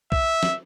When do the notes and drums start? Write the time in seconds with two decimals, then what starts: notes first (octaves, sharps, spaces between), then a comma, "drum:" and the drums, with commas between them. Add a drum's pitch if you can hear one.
0.12 E5, drum: kick B1
0.43 drum: snare